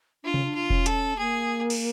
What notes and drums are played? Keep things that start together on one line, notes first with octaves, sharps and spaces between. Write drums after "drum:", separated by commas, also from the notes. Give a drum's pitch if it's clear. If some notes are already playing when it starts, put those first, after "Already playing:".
D4 F4
C#4, drum: tom C3
D4
F4
C#4, drum: kick E1
A4, drum: hi-hat
A#3 G#4
drum: cymbal